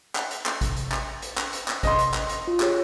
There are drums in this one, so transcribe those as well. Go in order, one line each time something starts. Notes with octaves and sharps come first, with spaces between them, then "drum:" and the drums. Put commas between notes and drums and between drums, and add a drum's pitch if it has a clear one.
drum: clap
drum: hi-hat
drum: clap
drum: kick A1, hi-hat
drum: hi-hat
drum: clap
drum: hi-hat
drum: clap
drum: hi-hat
drum: clap
D#5 C6, drum: kick A1, hi-hat
drum: hi-hat
drum: clap
drum: hi-hat
F4
G4 G#4 C#5, drum: clap